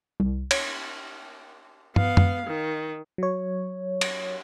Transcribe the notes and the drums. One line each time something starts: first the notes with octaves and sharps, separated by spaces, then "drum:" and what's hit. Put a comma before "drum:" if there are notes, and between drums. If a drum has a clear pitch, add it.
C2
C#5, drum: cymbal
B3 F5, drum: tom
drum: tom F#2
D#3
F#3 C#5
drum: cymbal